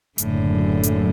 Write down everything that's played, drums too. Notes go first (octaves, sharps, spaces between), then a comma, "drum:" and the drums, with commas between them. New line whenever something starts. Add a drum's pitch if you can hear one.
F#1 F#2 A2 D3, drum: hi-hat
drum: hi-hat